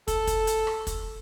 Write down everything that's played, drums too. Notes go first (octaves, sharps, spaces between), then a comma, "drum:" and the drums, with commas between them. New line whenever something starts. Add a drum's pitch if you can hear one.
A4, drum: kick, hi-hat
drum: kick, hi-hat
drum: hi-hat
drum: rim click
drum: kick, hi-hat